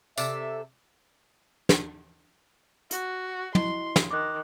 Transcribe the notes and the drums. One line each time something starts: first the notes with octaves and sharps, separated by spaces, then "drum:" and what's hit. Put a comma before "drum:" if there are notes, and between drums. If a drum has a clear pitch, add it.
C3 A4 D5 E5, drum: tambourine
drum: snare
F#4, drum: hi-hat
E4 D#5 C6, drum: tom
drum: snare
D#3 D6 F#6